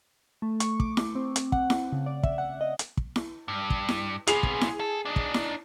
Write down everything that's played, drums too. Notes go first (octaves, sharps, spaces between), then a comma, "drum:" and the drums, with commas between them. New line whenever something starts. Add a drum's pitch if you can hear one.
A3
C#6, drum: hi-hat
D6, drum: kick
drum: snare E4
C4
C4, drum: hi-hat
F#5, drum: kick
drum: snare E4
C#3
D5
E5, drum: kick
F#5
D#5
drum: hi-hat
drum: kick
drum: snare E4
G2
drum: kick
drum: snare E4
C3 B3 G#4 C7 F7, drum: hi-hat
drum: kick
drum: snare E4
A4
D4 D#4
drum: kick
drum: snare E4